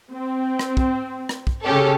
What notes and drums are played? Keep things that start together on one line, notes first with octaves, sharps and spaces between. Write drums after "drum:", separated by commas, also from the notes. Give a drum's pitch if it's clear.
C4
drum: rim click
drum: kick
drum: rim click
drum: kick
C#3 C#4 G4 A4